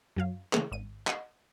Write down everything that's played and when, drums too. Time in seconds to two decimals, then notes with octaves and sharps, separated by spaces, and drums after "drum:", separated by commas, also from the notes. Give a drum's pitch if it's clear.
0.16 F#2 F#3 F5
0.53 C#3 E3 A3 A#3 G#4, drum: clap
0.72 G#1 D#7
1.07 D#5 F#5 C7, drum: clap